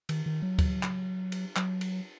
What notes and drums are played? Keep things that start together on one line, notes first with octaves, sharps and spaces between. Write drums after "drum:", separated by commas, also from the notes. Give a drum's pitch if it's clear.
D#3, drum: cymbal
D#3
F#3
drum: kick D2, cymbal
drum: clap
drum: cymbal
F#3, drum: clap
drum: cymbal